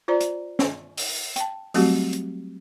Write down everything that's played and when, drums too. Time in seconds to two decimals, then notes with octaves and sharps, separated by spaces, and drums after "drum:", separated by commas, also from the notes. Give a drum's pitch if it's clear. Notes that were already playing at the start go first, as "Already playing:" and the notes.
0.08 F4 C5 D5 A#5
0.21 drum: hi-hat
0.59 drum: snare
0.97 drum: open hi-hat
1.36 G5 A5, drum: hi-hat
1.74 F#3 G3 A3 C4 F#4 G4, drum: open hi-hat
2.13 drum: hi-hat